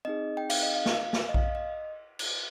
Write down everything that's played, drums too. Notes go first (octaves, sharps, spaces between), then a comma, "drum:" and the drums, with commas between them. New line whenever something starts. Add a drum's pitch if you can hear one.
C4 D#4 G#4 D#5
G5
F5, drum: cymbal
D#5
F5
drum: snare
drum: snare
D#5
F5, drum: kick A#1
D#5
drum: cymbal